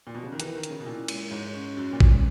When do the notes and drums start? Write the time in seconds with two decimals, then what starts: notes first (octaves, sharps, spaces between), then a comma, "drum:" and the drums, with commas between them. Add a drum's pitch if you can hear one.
0.07 A#2
0.15 B2
0.23 C#3
0.32 D#3
0.40 E3 A#4, drum: hi-hat
0.55 D#3
0.63 C#4, drum: hi-hat
0.71 C#3
0.80 B2
0.85 A#2 E4
1.08 G#3, drum: cymbal
1.31 G#2 C#5
1.54 C#4
1.77 F#2 F#4
1.93 A#2
2.00 G#3, drum: kick A1